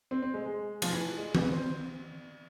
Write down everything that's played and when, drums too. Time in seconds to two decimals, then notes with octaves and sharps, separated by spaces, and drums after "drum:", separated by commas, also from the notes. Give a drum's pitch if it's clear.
0.11 C4
0.22 C4
0.34 G#3
0.46 G#3
0.82 F3, drum: cymbal
0.93 E3
1.17 G#3
1.35 B3, drum: tom E3
1.52 C4